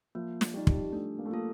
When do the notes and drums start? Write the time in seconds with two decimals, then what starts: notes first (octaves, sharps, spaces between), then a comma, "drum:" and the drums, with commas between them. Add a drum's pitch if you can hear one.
0.15 F3 A#3
0.41 drum: snare
0.54 G3 D#4 G4
0.67 drum: kick
0.92 A3 D4
1.18 A#3
1.25 A3
1.31 A#3 F4 A4